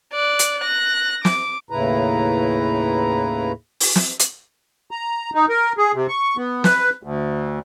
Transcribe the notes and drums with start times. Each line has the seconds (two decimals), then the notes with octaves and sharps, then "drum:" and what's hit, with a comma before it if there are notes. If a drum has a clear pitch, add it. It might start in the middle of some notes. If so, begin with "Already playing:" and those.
0.13 D5 F#6
0.39 drum: hi-hat
0.61 F#6 A#6
1.25 D6, drum: snare
1.70 D#2 A2 C#3 E4 B4 A#5
3.80 drum: open hi-hat
3.96 drum: snare
4.19 drum: hi-hat
4.91 A#5
5.35 D#4
5.49 A#4
5.78 G#4
5.95 C3
6.09 C#6
6.37 B3
6.64 B4, drum: snare
7.03 D2